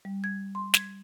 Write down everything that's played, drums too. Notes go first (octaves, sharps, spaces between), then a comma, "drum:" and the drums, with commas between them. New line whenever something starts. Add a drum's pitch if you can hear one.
G3
G#6
C6
G#6, drum: snare